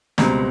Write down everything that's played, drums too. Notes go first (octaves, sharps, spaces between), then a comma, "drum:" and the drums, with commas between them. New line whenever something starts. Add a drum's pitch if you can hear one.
C#2 B2 G3 C4 A#5, drum: snare